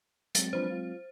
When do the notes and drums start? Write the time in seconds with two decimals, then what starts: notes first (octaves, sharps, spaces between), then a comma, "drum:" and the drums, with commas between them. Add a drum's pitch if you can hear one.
0.35 F#3 G#3 C4 A6, drum: hi-hat
0.53 F3 D4 B4 C5
0.70 F4